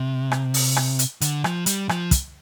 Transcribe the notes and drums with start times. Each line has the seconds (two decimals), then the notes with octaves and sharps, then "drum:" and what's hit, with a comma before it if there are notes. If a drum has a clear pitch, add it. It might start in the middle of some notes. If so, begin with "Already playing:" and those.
Already playing: C3
0.32 drum: rim click
0.54 drum: open hi-hat
0.76 drum: rim click
0.99 drum: hi-hat
1.21 D3, drum: hi-hat
1.44 F3, drum: rim click
1.66 G3, drum: hi-hat
1.89 F3, drum: rim click
2.11 drum: kick, hi-hat